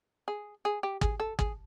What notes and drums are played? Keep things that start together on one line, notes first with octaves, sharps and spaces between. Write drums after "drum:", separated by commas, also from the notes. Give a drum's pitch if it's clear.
G#4
G#4
G4
G#4, drum: kick
A4
G#4, drum: kick